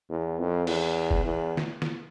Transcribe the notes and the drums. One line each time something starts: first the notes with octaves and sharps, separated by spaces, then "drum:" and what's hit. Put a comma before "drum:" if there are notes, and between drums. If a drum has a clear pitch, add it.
E2
F2
E2, drum: cymbal
drum: kick
E2
drum: snare
drum: snare